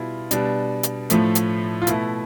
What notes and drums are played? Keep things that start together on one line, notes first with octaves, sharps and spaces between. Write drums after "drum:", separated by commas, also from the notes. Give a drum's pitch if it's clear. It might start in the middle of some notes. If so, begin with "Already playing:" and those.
Already playing: B2 G3 E4 F4
B2 G3 D4, drum: hi-hat
drum: hi-hat
A2 F3 A3, drum: hi-hat
drum: hi-hat
F4
B2 A3 E4, drum: hi-hat